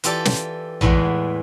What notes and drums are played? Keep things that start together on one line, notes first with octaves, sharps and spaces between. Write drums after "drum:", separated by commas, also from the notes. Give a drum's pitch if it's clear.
E3 F4 G4 A4 D5, drum: hi-hat
drum: snare
E2 A2 E3 G#3 F#5, drum: tom A#1